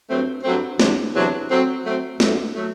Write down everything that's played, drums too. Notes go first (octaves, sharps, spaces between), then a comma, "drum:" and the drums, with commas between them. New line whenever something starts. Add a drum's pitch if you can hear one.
G2 F#3 A3 C4
G2 F#3 A3 C4
E2 C3 F#3 B3 D4, drum: snare
E2 C3 F#3 B3 D4
F#3 A3 C4
F#3 A3 C4
G2 F#3 A3, drum: snare
F#3 A3